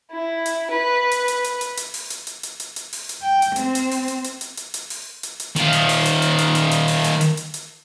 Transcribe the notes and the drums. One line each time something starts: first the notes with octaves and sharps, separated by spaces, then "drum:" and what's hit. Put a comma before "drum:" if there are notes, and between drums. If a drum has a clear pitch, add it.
E4
drum: hi-hat
B4
drum: hi-hat
drum: hi-hat
drum: hi-hat
drum: hi-hat
drum: hi-hat
drum: open hi-hat
drum: hi-hat
drum: hi-hat
drum: hi-hat
drum: hi-hat
drum: hi-hat
drum: open hi-hat
drum: hi-hat
G5
drum: hi-hat
C4, drum: hi-hat
drum: hi-hat
drum: open hi-hat
drum: hi-hat
drum: hi-hat
drum: hi-hat
drum: hi-hat
drum: hi-hat
drum: open hi-hat
drum: hi-hat
drum: hi-hat
D#3 F4, drum: hi-hat
drum: hi-hat
drum: open hi-hat
drum: hi-hat
drum: hi-hat
drum: hi-hat
drum: hi-hat
drum: hi-hat
drum: open hi-hat
drum: hi-hat
drum: hi-hat
drum: hi-hat
drum: hi-hat